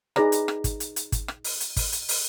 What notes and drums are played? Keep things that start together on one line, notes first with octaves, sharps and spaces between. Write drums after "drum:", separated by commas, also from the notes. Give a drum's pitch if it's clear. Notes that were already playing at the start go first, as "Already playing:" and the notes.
D#4 G#4 B4 D5 A#5, drum: rim click
drum: hi-hat
drum: rim click
drum: kick, hi-hat
drum: hi-hat
drum: hi-hat
drum: kick, hi-hat
drum: rim click
drum: open hi-hat
drum: hi-hat
drum: kick, open hi-hat
drum: hi-hat
drum: open hi-hat